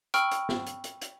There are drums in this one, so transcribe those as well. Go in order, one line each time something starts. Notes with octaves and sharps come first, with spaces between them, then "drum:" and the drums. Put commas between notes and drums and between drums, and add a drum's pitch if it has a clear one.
G5 B5 C#6 E6 F6, drum: hi-hat
drum: hi-hat
drum: snare
drum: hi-hat
drum: hi-hat
drum: hi-hat